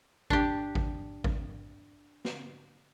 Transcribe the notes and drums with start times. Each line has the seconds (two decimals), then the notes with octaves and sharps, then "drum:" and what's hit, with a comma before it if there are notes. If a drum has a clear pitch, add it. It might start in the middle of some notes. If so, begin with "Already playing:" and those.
0.30 D4 G4, drum: kick G#1
0.75 drum: kick G#1
1.24 drum: kick G#1
2.25 drum: snare